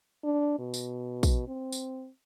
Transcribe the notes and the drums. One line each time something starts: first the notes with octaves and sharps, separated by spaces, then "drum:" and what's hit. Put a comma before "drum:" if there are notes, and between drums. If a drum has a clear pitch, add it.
D4
B2
drum: tambourine
drum: kick, tambourine
C4
drum: tambourine